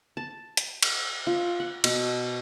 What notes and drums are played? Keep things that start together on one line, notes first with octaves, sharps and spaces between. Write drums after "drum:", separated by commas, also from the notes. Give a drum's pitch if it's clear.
A5
drum: hi-hat
drum: cymbal
F4
F#5
B2, drum: cymbal